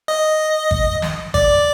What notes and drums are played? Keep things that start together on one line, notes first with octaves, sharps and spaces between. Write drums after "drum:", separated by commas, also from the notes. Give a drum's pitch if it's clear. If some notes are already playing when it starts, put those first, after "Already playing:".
D#5
drum: kick
drum: snare
D5, drum: kick